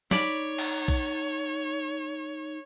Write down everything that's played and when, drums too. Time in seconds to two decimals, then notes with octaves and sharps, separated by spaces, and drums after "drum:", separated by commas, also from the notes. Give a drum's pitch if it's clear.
0.11 D#4 C#5 D5 B5, drum: snare
0.58 drum: cymbal
0.88 drum: kick